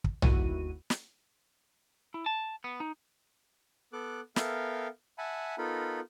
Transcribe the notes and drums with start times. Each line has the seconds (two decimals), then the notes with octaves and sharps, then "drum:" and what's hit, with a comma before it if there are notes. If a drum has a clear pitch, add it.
0.04 drum: kick
0.22 G1 D#2 E4 F#4 D#7, drum: tom B1
0.90 drum: snare
2.14 E4
2.26 A5
2.64 B3
2.80 D#4
3.93 B3 A4 D6 F#6
4.36 B3 A4 A#4 E5 F5 G5, drum: snare
5.18 E5 F#5 G#5 A5 B5
5.58 B3 D#4 F4 A4 A#4 B5